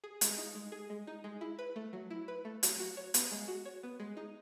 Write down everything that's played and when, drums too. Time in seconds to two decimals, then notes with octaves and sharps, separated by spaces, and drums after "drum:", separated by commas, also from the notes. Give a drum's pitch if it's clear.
0.04 G#4
0.21 G#3, drum: hi-hat
0.38 D#4
0.55 G#3
0.72 G#4
0.90 G#3
1.07 D#4
1.24 G#3
1.41 E4
1.59 B4
1.76 A3
1.93 F#3
2.10 E4
2.28 B4
2.45 A3
2.63 F#3, drum: hi-hat
2.80 F#4
2.97 C#5
3.14 B3, drum: hi-hat
3.31 G#3
3.48 F#4
3.65 C#5
3.83 B3
4.00 G#3
4.17 D#4